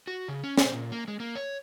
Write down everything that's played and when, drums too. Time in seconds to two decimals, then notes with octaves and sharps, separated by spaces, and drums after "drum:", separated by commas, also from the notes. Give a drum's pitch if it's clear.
0.07 F#4
0.28 C#3
0.44 C#4
0.58 C5, drum: snare
0.72 A#2
0.92 A#3
1.08 G#3
1.20 A#3
1.36 C#5